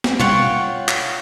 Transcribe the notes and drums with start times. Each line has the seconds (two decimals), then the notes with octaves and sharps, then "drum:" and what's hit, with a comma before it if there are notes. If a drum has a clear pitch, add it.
0.04 drum: snare
0.20 F4 C#5 F#5 G5, drum: tom
0.88 drum: clap